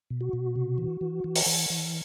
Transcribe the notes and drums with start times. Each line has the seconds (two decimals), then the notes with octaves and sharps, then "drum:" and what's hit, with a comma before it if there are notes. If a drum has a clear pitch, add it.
0.10 B2
0.21 F#4
0.33 B2
0.56 C3
0.78 E3
1.01 E3
1.24 E3
1.36 drum: open hi-hat
1.46 E3
1.70 E3